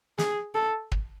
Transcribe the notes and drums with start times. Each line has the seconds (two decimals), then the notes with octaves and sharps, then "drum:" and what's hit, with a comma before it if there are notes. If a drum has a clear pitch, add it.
0.18 G#4, drum: snare
0.55 A4
0.92 drum: kick